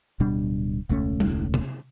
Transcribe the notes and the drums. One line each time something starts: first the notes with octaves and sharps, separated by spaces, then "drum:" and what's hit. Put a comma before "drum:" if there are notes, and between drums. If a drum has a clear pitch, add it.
D1 B2 G3 D4
E1 C#2 A3 C#4
drum: tom G3
drum: tom